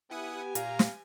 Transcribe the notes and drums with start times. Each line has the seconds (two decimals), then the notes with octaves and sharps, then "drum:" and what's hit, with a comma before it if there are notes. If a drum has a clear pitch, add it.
0.11 B3 E4 G4 F#5 G#5 D#6
0.55 A#2 F5 A#5, drum: hi-hat
0.79 drum: snare